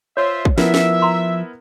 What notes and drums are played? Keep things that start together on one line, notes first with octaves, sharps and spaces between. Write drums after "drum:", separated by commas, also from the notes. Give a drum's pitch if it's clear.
F4 C5 C#5 E5
drum: kick
F3 B3 E4 A#4 E5, drum: snare
drum: snare
A#5 C6